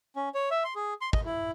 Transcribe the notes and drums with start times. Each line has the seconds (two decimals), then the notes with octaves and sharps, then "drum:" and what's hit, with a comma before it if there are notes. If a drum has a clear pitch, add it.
0.16 C#4
0.35 C#5
0.51 E5
0.64 C6
0.76 G#4
1.01 C6
1.13 D#5, drum: kick
1.25 E4